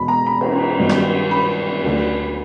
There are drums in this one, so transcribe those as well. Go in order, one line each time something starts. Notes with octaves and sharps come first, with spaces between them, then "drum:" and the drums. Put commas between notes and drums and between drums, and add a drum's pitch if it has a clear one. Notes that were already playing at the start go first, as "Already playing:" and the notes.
Already playing: E1 E2 B2 B5
A#5
B5
drum: cymbal
G1 G2 D#3 F#3
drum: rim click
B5
D2 D3 F#3